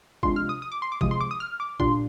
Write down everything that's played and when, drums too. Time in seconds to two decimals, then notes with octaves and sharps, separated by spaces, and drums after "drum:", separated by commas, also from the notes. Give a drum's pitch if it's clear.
0.23 C3 F3 G#3 D4 F4 C6, drum: kick
0.36 F6
0.49 D#6
0.62 D#6
0.72 D6
0.82 C6
0.92 D6
1.01 C3 F3 G#3 D#6, drum: kick
1.11 C6
1.21 D6
1.31 D#6
1.40 F6
1.60 D6
1.80 A#2 G3 D4 F4 C6, drum: kick